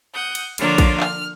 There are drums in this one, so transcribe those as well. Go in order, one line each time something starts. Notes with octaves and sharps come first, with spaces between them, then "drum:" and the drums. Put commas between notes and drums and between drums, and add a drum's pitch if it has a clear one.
F#5 D#6 G6
drum: cymbal
D3 F3 A#3 D4 F4 C#5, drum: cymbal
drum: kick A#1, cymbal
F6, drum: clap